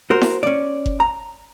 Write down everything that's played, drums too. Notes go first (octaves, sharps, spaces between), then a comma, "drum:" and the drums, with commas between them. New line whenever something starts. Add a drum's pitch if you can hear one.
F#4 A#4 C5
drum: snare E4
C#4 D5
drum: kick F#1
A#5